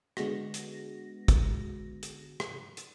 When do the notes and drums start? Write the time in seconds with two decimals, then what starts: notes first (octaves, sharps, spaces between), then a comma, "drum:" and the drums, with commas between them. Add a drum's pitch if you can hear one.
0.17 D3 G#3 B3 F#4 A#6, drum: rim click
0.54 drum: hi-hat
1.28 drum: kick, hi-hat
2.03 drum: hi-hat
2.40 drum: rim click
2.77 drum: hi-hat